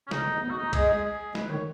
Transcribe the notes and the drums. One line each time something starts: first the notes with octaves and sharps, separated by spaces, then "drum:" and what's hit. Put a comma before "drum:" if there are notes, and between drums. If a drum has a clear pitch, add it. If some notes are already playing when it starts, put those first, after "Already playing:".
C#4
C#3 D#4, drum: snare
D#3
G#3
B3 D#4
F#4
G#3 D#4
G#3 G#4, drum: kick B1, cymbal
G#4
G#4
G#3 B4, drum: snare
D#3 C#5